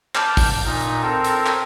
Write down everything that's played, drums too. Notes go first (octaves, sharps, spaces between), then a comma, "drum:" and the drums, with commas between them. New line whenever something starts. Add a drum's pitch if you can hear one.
A5 D6 F6 G6, drum: clap
drum: kick, open hi-hat
A#2 D#4
drum: hi-hat
C4 A4 A#4
drum: hi-hat
drum: clap